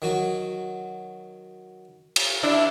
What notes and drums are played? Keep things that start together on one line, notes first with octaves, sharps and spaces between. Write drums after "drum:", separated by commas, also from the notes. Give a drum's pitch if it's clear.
D#3 F#3 F#4
drum: cymbal
D4 E4